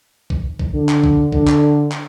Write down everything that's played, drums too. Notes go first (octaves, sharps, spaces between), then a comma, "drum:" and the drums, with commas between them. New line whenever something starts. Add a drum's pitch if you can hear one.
drum: kick A#1
drum: kick A#1
D3
drum: clap
drum: kick A#1
D3, drum: kick A#1
drum: clap
drum: clap